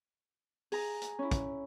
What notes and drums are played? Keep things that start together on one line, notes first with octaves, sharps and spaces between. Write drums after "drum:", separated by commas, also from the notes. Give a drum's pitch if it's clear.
G#4 G#5 A#5, drum: open hi-hat
drum: hi-hat
C#4 E4
drum: kick, hi-hat